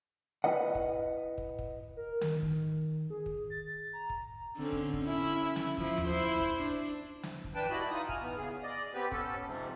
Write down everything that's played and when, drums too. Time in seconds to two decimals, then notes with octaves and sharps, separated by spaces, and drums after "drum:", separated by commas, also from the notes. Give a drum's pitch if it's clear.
0.44 E4 B4 D#5 F#5
0.75 drum: kick
1.38 drum: kick
1.59 drum: kick
1.97 A#4
2.21 D#3, drum: snare
2.42 drum: kick
3.10 G#4
3.26 drum: kick
3.50 A6
3.93 A#5
4.10 drum: kick
4.57 D3 C4 C#4
4.72 drum: kick
4.93 drum: kick
5.04 C#4 E4
5.56 drum: snare
5.78 F3 E4, drum: kick
5.98 drum: tom D#2
6.08 E4 C5
6.40 drum: kick
6.57 D4
7.23 drum: snare
7.44 drum: kick
7.55 E3 D4 B4 G5 A5
7.70 G3 E4 F#4 D5 D#5 B5
7.91 D#4 F4 D#6
8.09 G#5 F6, drum: kick
8.22 E3 B3
8.37 C#3 G#4
8.63 D5 D#5
8.94 B3 C4 G4 B4
9.12 C#4 A4, drum: kick
9.46 F2 G#2 C3